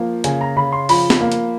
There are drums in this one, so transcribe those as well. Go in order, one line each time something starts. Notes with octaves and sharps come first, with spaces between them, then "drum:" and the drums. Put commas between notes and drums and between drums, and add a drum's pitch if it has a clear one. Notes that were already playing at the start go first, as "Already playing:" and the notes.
Already playing: F3 A#3
C#3 G#5, drum: hi-hat
A#5
C#3 B5
C6
F3 B5, drum: open hi-hat
drum: snare
A#3
drum: hi-hat